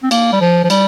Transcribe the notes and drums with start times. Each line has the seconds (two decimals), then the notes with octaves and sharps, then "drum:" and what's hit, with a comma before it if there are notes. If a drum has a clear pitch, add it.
0.03 C4
0.11 A#3, drum: cymbal
0.33 G3
0.41 F3
0.64 F3
0.70 G3, drum: cymbal